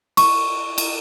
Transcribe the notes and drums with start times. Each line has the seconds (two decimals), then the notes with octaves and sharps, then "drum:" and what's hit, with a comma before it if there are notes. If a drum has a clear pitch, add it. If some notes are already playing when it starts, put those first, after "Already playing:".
0.17 C#6, drum: cymbal
0.78 drum: cymbal